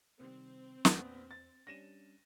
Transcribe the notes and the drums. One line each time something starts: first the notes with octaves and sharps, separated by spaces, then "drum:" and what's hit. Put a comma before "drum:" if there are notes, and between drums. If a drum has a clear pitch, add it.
C3 D#3 G3 C4
A#1 E2 B3, drum: snare
A6
G3 C#4 D4 A#6 D#7 E7